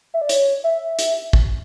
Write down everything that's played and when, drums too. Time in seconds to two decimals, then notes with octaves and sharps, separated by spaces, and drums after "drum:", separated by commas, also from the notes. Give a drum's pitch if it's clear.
0.14 E5
0.21 D5
0.29 C#5, drum: hi-hat
0.64 E5
0.99 drum: hi-hat
1.33 drum: kick